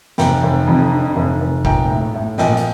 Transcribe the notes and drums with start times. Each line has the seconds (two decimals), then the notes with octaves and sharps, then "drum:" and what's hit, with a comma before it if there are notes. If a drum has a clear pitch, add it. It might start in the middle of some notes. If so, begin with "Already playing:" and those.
0.18 F1 G5 A#5, drum: snare
0.43 F1
0.67 F2
0.91 D3
1.16 F1
1.41 F1
1.65 A#1 G5 A#5, drum: kick
1.90 A2
2.14 A2
2.38 A#1 D#5 G5, drum: snare
2.57 drum: hi-hat